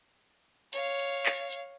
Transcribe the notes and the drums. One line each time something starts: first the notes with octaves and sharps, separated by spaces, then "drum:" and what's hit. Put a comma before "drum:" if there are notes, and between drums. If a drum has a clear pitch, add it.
C#5 F5, drum: hi-hat
drum: hi-hat
drum: clap
drum: hi-hat